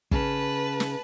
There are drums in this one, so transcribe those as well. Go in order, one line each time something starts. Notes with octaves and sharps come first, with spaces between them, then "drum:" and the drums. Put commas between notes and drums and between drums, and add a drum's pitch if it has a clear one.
C#3 B4 A5, drum: kick
drum: snare